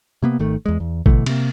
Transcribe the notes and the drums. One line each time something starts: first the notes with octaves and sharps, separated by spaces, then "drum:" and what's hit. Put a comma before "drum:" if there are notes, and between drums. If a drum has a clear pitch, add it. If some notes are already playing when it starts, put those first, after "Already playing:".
C3 A#3 B3
G#1 D#3 A3
E2 G#3
E2
B2 D3 E3 A3, drum: kick G#1
C3 A#3, drum: cymbal